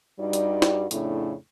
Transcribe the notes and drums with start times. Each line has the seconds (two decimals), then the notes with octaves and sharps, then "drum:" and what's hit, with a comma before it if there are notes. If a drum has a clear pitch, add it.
0.20 G2 G3 D#4 F#4 D5
0.33 drum: hi-hat
0.62 drum: snare
0.91 F2 A2 C#3 D4 E4, drum: hi-hat